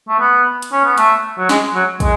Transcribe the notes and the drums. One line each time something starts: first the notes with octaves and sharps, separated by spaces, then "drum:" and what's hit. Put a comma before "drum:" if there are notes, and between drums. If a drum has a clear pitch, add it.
A3
B3
drum: hi-hat
C#4
B3
A3, drum: hi-hat
F#3
G#3, drum: snare
F#3
G#3, drum: kick, hi-hat